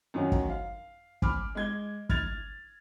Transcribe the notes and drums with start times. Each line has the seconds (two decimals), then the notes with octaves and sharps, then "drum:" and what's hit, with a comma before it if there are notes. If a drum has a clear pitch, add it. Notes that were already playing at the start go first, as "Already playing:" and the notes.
0.14 F#2 D#3 F#3 C#4 F#4
0.32 drum: kick
0.49 F5
1.22 G#5 B5 D6 F6, drum: kick
1.55 G#3 G#6 G7
2.09 F6 G#6 A6 F7, drum: kick